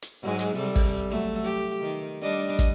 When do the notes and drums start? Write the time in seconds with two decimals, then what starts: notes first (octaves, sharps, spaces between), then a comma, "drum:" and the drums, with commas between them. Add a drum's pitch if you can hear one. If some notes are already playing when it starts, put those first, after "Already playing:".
0.02 drum: hi-hat
0.22 G#2 F#3 G#3
0.39 drum: hi-hat
0.57 C3 G3 A4
0.76 drum: kick, open hi-hat
1.09 F#3 A3
1.44 G4
1.81 D#3
2.22 G3 D4 D#5
2.59 drum: kick, hi-hat